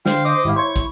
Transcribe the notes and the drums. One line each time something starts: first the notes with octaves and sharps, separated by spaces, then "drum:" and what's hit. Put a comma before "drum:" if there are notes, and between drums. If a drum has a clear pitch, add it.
D3 C5 F5 G5 F6, drum: snare
D#5 D6 D#6
G#1 G#2 E4 G4 F5
C5 C#5 C#6
drum: kick